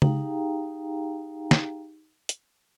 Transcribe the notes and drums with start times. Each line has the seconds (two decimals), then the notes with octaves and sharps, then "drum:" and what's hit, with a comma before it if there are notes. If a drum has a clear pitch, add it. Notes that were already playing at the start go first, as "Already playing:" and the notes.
0.02 D#4 G4 G#4 F5 G5 A#5, drum: tom C#3
1.51 drum: snare
2.29 drum: hi-hat